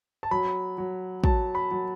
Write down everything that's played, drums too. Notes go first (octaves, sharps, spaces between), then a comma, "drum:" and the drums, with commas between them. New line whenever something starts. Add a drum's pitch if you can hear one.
A5
F#3 B5
F#3
F#3 A5, drum: kick
B5
F#3